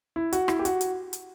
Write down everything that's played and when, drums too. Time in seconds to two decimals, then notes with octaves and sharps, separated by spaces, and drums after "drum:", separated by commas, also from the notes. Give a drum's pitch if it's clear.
0.16 E4
0.32 F#4, drum: hi-hat
0.48 E4, drum: rim click
0.59 G4
0.65 F#4, drum: hi-hat
0.81 drum: hi-hat
1.13 drum: hi-hat